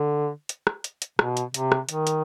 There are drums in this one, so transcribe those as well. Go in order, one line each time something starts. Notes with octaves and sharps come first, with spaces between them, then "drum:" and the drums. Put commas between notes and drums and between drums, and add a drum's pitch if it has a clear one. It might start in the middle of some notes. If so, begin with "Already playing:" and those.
Already playing: D3
drum: hi-hat
drum: rim click
drum: hi-hat
drum: hi-hat
B2, drum: rim click
drum: hi-hat
C3, drum: hi-hat
drum: rim click
D#3, drum: hi-hat
drum: hi-hat